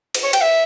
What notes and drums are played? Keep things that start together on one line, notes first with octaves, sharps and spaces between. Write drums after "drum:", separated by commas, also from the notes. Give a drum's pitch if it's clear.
drum: cymbal
C#5
G5, drum: cymbal
E5